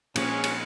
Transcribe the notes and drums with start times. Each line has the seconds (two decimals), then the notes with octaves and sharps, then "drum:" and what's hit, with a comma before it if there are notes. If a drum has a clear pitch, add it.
0.16 A#2 F3 G#3 C#4, drum: cymbal
0.44 drum: cymbal